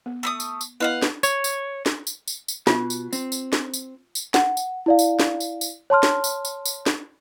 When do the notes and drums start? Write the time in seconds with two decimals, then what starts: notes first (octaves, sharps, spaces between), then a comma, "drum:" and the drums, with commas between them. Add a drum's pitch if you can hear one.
0.06 B3
0.23 A3 B5 D#6
0.40 drum: tambourine
0.61 drum: tambourine
0.80 B3 E4 B4 D#5 F5 F#5
1.02 drum: snare
1.23 C#5, drum: tambourine
1.44 drum: tambourine
1.86 drum: snare
2.07 drum: tambourine
2.28 drum: tambourine
2.48 drum: tambourine
2.67 B2 F4, drum: snare
2.90 drum: tambourine
3.13 C4, drum: tambourine
3.32 drum: tambourine
3.53 drum: snare
3.74 drum: tambourine
4.15 drum: tambourine
4.34 F#5, drum: snare
4.57 drum: tambourine
4.86 E4 D5 F5
4.99 drum: tambourine
5.20 drum: snare
5.40 drum: tambourine
5.61 drum: tambourine
5.90 C#5 A5 C6 F6
6.03 drum: snare
6.24 drum: tambourine
6.45 drum: tambourine
6.66 drum: tambourine
6.86 drum: snare